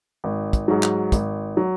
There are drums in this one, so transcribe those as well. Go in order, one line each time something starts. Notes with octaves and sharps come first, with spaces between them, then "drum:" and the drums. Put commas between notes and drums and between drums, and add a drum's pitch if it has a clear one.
G#1
drum: kick, hi-hat
G#2 F#3
drum: clap
G#1, drum: kick, hi-hat
F#3